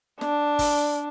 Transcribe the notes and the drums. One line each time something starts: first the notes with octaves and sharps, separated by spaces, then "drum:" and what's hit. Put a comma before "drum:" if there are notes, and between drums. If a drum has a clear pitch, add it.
D4, drum: snare
drum: kick, open hi-hat